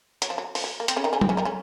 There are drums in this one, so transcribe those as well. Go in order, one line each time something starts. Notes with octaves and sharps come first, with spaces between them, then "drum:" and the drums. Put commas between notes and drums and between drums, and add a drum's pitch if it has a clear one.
F#3, drum: hi-hat
F3
F#3
F3, drum: open hi-hat
F#3
A#3
C4, drum: hi-hat
C#3 C#4
D#3 D#4
C#3 C#4
C4, drum: tom F#3
C#3 C#4
D#3 D#4
C#3 C#4